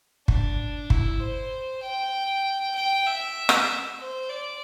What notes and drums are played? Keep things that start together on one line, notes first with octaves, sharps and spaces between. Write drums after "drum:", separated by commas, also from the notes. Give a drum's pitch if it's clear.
D4, drum: kick
E4, drum: kick
C5
G5
G5
E5
drum: rim click
C5
D5